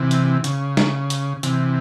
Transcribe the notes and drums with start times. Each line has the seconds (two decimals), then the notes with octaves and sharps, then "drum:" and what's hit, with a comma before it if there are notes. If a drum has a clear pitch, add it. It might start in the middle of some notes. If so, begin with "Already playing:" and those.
Already playing: C3 E3
0.11 drum: hi-hat
0.44 C#3, drum: hi-hat
0.77 drum: snare
1.10 drum: hi-hat
1.43 C3 E3, drum: hi-hat